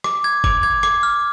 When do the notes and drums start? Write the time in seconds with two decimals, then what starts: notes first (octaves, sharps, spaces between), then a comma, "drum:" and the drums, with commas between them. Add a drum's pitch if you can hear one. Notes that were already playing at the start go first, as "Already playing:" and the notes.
0.04 D6, drum: rim click
0.24 G#6
0.44 D6, drum: kick F#1
0.63 G#6
0.83 D6, drum: rim click
1.03 F6